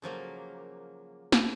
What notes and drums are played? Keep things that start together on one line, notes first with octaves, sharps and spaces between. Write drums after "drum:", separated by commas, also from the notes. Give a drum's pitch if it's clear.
C#3 F3 F#3 A#3
drum: snare